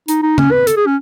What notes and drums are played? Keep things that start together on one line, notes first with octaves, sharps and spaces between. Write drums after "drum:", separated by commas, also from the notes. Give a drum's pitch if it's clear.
D#4, drum: hi-hat
D#4
C#4, drum: tom C#3
B4
A4, drum: hi-hat
G#4
C#4